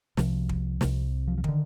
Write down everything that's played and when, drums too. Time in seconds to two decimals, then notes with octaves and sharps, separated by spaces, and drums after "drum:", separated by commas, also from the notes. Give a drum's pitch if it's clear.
0.17 C2 C3 F3, drum: snare
0.49 drum: kick
0.81 C2 C3, drum: snare
1.28 F3
1.38 F3
1.44 D3 D#3, drum: kick